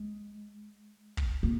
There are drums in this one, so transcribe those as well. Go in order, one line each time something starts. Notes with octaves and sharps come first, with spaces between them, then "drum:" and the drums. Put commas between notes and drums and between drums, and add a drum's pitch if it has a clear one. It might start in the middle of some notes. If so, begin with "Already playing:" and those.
Already playing: G#3
drum: kick
A#3